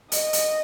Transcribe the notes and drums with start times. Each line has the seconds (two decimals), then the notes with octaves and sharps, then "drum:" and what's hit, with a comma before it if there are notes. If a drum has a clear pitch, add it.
0.12 D#5, drum: hi-hat
0.33 drum: hi-hat